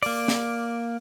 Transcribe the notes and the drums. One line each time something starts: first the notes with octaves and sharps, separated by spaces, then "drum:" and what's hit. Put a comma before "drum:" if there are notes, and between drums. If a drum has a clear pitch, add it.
A#3 D5, drum: open hi-hat
drum: snare